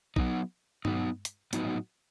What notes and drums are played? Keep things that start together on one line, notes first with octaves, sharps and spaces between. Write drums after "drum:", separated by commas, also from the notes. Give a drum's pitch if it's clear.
F#3 B3 D#4, drum: kick A#1
F#3 B3 D#4, drum: tom G2
drum: hi-hat
A2 F#3 B3 D#4 F#4, drum: hi-hat